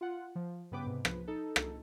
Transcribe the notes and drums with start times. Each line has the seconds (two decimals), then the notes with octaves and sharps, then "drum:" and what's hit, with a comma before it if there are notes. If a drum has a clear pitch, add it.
0.01 F4 F#5
0.35 F3
0.71 G2 C#3 B3 B4 G5 D6
0.87 G#2 C3
1.05 F3 B4, drum: rim click
1.28 D#4 A4
1.56 drum: rim click